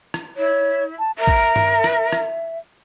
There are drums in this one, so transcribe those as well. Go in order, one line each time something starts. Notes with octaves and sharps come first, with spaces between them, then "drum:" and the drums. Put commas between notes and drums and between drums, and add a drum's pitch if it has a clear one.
drum: rim click
E4 C#5
A5
A#4 E5
drum: kick
drum: tom G2
drum: rim click
drum: rim click